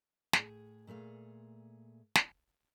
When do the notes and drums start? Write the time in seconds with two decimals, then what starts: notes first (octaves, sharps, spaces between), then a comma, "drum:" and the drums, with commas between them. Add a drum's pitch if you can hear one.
0.33 A2 G#4, drum: snare
0.87 A#2 A3 G#4 F5
2.15 drum: snare